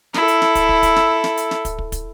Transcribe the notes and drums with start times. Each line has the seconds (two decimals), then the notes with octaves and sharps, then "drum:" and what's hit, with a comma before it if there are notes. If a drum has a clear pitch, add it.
0.14 E4 A4, drum: snare
0.28 drum: hi-hat
0.42 drum: snare
0.55 drum: kick, hi-hat
0.69 drum: kick
0.83 drum: kick, hi-hat
0.96 drum: snare
1.24 drum: snare
1.37 drum: hi-hat
1.51 drum: snare
1.65 drum: kick, hi-hat
1.78 drum: kick
1.92 drum: kick, hi-hat